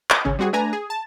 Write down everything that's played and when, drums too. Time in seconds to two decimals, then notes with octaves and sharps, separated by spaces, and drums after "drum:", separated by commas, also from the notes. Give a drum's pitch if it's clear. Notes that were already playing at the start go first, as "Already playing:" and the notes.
0.10 D#5 D6, drum: clap
0.25 G#1 C#3 C#4
0.39 G3 C4 F#4 G#4
0.53 A3 D4 B4 G#5 A#5
0.73 G#4
0.90 A5